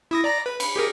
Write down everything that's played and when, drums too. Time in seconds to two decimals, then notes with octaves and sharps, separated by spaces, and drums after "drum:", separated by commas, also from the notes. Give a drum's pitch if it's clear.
0.11 E4 D#6 A#6
0.24 D5 A#5 A#6
0.46 B4
0.60 B5, drum: cymbal
0.76 G4 G#4 A#4